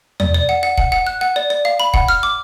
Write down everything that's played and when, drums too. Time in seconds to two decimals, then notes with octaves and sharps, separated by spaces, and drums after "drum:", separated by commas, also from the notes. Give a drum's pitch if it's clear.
0.20 D5, drum: tom E2
0.34 D5
0.49 F#5
0.63 F#5
0.78 F#5, drum: kick
0.92 F#5
1.07 F#6
1.21 F#5
1.36 D5
1.50 D5
1.65 F5
1.80 B5
1.94 F#5, drum: kick
2.08 F6
2.23 D6